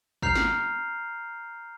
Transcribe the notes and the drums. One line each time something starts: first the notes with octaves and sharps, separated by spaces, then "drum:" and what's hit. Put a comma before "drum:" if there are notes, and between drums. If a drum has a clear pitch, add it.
A#5 F6 G6 C7 F7, drum: kick
drum: snare